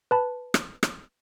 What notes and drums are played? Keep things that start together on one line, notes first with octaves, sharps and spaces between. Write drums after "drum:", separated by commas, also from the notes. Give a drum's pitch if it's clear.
B4 A5 B5
drum: rim click
drum: rim click